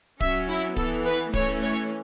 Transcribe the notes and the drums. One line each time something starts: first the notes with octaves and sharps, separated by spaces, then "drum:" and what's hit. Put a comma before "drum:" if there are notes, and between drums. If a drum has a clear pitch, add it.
F#3 C#4 E5, drum: kick D1
E4
E3 B3 A4, drum: kick D1
B4
E3 A3 C#4 C#5, drum: kick D1
C#5